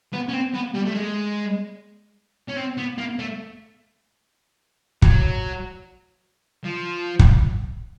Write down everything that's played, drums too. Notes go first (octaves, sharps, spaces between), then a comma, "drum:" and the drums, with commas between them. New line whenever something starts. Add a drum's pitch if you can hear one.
B3
C#4
C4
B3
G3
A3
G#3
C#4
C4
B3
A#3
A3
F#3, drum: kick
F3
drum: kick